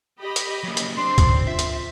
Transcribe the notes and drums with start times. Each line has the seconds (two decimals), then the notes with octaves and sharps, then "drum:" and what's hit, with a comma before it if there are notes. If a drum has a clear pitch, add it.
0.19 G4 D#5 B5
0.36 drum: hi-hat
0.64 F#3 A#3
0.77 drum: hi-hat
0.97 C4 D4 C6
1.18 drum: kick, hi-hat
1.47 F4 E5
1.59 drum: hi-hat